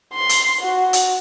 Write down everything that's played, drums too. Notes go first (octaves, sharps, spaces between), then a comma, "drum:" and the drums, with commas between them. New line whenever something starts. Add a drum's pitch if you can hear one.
C6
drum: hi-hat
F#4
drum: hi-hat